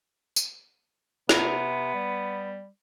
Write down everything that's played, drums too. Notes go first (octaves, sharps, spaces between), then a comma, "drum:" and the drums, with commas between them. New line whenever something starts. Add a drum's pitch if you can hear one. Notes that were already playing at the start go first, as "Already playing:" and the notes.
drum: tambourine
C3 B3, drum: snare
G3